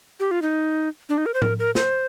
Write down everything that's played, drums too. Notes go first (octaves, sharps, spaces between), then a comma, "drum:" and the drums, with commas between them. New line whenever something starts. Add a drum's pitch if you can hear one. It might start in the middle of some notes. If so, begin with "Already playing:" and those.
G4
F4
D#4
D4
D#4
A#4
C5
A#4, drum: tom A2
A#4
C5, drum: snare